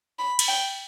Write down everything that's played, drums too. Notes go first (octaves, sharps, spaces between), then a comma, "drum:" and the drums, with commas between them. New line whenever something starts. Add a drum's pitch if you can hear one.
B5
drum: cymbal
G5